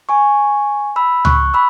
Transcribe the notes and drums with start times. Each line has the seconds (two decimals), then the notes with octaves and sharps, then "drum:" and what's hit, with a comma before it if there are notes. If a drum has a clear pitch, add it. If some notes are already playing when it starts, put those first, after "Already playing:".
0.09 G#5 C#6
0.96 B5 E6
1.25 C#6 F#6, drum: tom C#2
1.54 B5 E6